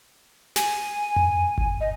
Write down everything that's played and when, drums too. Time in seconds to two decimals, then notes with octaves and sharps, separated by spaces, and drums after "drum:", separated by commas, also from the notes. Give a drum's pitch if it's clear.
0.56 G#5, drum: snare
1.16 drum: tom F2
1.58 drum: kick G1
1.80 D#5